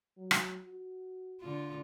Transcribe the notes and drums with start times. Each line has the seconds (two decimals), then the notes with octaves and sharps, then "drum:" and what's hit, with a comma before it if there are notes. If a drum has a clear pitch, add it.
0.18 F#3
0.31 drum: rim click
0.65 F#4
1.41 D3 F4